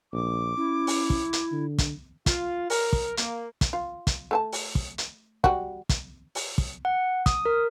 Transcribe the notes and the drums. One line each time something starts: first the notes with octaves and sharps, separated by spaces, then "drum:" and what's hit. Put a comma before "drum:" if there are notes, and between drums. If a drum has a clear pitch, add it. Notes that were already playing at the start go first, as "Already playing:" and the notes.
A#1 D6
C#4 E4
drum: open hi-hat
drum: kick
drum: hi-hat
D3
drum: kick, hi-hat
F4, drum: kick, hi-hat
A#4, drum: open hi-hat
drum: kick
A#3, drum: hi-hat
drum: kick, hi-hat
F4
drum: kick, hi-hat
A3 A4 A5
drum: open hi-hat
drum: kick
drum: hi-hat
G3 F#4, drum: kick
drum: kick, hi-hat
drum: open hi-hat
drum: kick
F#5
D#6, drum: kick, hi-hat
A#4